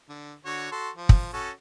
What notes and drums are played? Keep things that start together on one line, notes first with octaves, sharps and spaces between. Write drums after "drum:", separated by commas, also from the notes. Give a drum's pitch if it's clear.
D3
D3 F#4 C#5
F#4 A4 C6
F3
drum: kick
C#4 F#4 A4